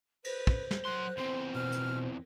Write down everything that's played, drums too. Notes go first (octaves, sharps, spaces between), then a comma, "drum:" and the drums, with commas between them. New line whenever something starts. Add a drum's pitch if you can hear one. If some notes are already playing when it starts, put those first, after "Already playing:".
B4 C5, drum: cymbal
drum: kick
drum: snare
F#3 C6 F#6
E2 C4 C6
B2 F6
drum: hi-hat